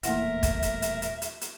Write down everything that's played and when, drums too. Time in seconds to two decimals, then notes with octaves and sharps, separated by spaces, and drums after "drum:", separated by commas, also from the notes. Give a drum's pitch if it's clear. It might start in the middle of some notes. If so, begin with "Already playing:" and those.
0.03 D#1 E2 A2 A#3 E4 A#4 E5 F#5, drum: hi-hat
0.43 drum: kick, hi-hat
0.62 drum: hi-hat
0.82 drum: hi-hat
1.02 drum: hi-hat
1.22 drum: hi-hat
1.41 drum: hi-hat